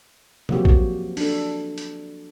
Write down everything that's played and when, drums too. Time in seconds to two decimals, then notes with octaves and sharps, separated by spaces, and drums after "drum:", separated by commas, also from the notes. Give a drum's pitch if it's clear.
0.49 F3 F#3 A#3 C4 F#4 G4, drum: tom
0.65 drum: kick A1
1.17 D4 A4, drum: open hi-hat
1.78 drum: hi-hat